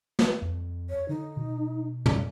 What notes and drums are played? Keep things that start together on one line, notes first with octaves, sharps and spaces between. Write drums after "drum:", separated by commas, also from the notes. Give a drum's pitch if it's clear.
drum: snare
F2
C#5
D3 D#4
B2
F#2, drum: tom